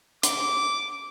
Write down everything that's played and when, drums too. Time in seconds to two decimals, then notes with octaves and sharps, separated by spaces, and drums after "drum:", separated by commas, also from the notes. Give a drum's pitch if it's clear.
0.23 D6, drum: hi-hat